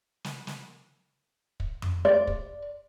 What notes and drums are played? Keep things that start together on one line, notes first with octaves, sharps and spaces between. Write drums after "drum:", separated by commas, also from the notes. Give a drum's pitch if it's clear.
drum: snare
drum: snare
drum: kick
drum: tom F2
D5
drum: kick